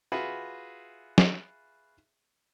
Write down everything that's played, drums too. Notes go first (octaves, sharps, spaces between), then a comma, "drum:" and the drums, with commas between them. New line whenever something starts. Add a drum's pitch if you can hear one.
F4 F#4 G#4 B4 E5
drum: snare